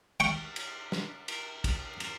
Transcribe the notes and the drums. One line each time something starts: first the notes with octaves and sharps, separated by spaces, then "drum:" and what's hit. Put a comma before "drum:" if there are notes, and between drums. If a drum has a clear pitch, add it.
G5 C#6, drum: cymbal
drum: cymbal
drum: snare
drum: cymbal
drum: kick, cymbal
drum: cymbal